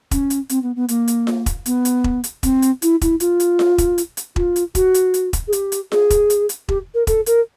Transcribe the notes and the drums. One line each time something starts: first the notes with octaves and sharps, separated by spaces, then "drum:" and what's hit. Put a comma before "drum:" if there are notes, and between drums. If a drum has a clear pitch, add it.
C#4, drum: kick E1, hi-hat
drum: hi-hat
C4, drum: hi-hat
B3
B3
A#3, drum: hi-hat
drum: hi-hat
drum: snare F4
drum: kick E1, hi-hat
B3, drum: hi-hat
drum: hi-hat
drum: kick E1
drum: hi-hat
C4, drum: kick E1, hi-hat
drum: hi-hat
E4, drum: hi-hat
E4, drum: kick E1, hi-hat
F4, drum: hi-hat
drum: hi-hat
drum: snare F4
drum: kick E1, hi-hat
drum: hi-hat
drum: hi-hat
F4, drum: kick E1
drum: hi-hat
F#4, drum: kick E1, hi-hat
drum: hi-hat
drum: hi-hat
drum: kick E1, hi-hat
G#4
G4, drum: hi-hat
drum: hi-hat
G#4, drum: snare F4
drum: kick E1, hi-hat
drum: hi-hat
drum: hi-hat
G4, drum: kick E1
A#4
A4, drum: kick E1, hi-hat
A#4, drum: hi-hat